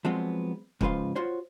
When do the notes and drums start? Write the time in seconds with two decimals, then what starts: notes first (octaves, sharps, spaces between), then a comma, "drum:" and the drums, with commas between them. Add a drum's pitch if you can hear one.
0.05 F3 F#3 G#3 B3 C4
0.81 G#2 C#3 F3 B4 C5 F5, drum: kick
1.16 F4 F#4 C5 C#5